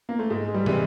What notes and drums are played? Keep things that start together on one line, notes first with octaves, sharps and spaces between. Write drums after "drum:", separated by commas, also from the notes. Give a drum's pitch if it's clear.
A#3
A3
G#2 G#3
G3
E3 G3 G#3 C4, drum: tom